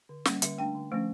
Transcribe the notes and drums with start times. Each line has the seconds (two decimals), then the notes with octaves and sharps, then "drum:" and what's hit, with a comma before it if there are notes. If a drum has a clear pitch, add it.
0.09 D3
0.25 G3 A#3 C#4, drum: snare
0.42 D3 E5, drum: hi-hat
0.58 A3 D4 G5
0.75 D3
0.92 F3 A3 C#4